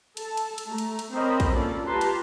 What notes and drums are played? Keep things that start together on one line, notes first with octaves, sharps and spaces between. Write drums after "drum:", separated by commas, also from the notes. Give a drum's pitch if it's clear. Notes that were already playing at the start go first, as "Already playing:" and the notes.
A4 A5, drum: cymbal
drum: cymbal
drum: cymbal
A3 A#5
drum: cymbal
drum: cymbal
C4 A#4 C5 C#5 D#5 B5
drum: kick A#1, cymbal
A#3 C#4 F4 A4 D5
F4 G4 B4 A5 A#5 C6
drum: cymbal